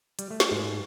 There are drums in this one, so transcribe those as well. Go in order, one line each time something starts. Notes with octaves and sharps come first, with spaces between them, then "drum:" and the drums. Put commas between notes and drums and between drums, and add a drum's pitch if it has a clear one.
G3, drum: hi-hat
A3
drum: snare
G#2